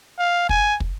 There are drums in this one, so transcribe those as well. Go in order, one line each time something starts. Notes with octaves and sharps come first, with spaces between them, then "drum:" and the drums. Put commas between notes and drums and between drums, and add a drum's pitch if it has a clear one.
F5
G#5, drum: kick
drum: kick